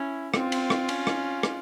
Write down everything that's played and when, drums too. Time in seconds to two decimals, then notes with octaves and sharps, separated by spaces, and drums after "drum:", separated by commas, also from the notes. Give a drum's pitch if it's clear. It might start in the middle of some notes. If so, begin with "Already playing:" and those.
Already playing: C#4 E4
0.34 C4 F4, drum: rim click
0.52 drum: cymbal
0.70 drum: rim click
0.89 C#4, drum: cymbal
1.07 drum: rim click
1.43 drum: rim click